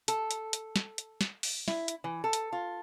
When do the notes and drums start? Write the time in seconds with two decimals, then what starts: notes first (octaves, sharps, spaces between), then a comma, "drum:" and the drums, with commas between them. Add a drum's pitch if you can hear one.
0.08 A4, drum: hi-hat
0.31 drum: hi-hat
0.53 drum: hi-hat
0.76 drum: snare
0.98 drum: hi-hat
1.21 drum: snare
1.43 drum: open hi-hat
1.68 E4, drum: snare
1.88 drum: hi-hat
2.04 E3
2.24 A4
2.33 drum: hi-hat
2.53 F4